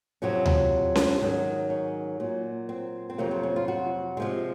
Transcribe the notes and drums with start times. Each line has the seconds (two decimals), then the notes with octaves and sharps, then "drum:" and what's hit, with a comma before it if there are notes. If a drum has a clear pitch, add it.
0.22 F2 C3 F#3 C#4
0.46 drum: tom D2
0.95 drum: snare C#4
1.20 G#2 D#3 F#3
1.70 C#4
2.20 A#2 F#3
2.69 C4
3.10 C4
3.18 F2 C3 F#3 A#3
3.31 C4
3.43 C#4
3.56 F4
3.68 F#4
4.17 C3 F3 G#3